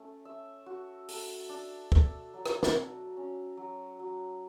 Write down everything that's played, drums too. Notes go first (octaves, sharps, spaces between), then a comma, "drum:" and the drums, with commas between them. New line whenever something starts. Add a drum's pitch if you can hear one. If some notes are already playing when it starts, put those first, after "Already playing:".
Already playing: A3 C#4
E5
F#4
A4, drum: open hi-hat
D4
A4, drum: kick
F#3
drum: rim click
drum: snare
F#4
C#4
F#3
F#3